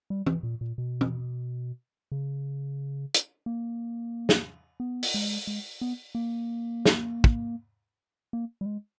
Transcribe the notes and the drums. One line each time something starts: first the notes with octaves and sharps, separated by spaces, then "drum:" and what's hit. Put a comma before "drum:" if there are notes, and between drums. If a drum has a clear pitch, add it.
G3
E3, drum: tom
A#2
A#2
B2
drum: tom
C#3
drum: hi-hat
A#3
drum: snare
B3
drum: open hi-hat
G#3
G#3
B3
A#3
drum: snare
drum: kick
A#3
G3
G#3